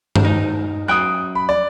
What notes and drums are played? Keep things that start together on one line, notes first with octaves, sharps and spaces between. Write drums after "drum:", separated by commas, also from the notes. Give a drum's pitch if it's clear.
drum: tom G2
D#4
F#2 G5 D#6 F#6
B5
D5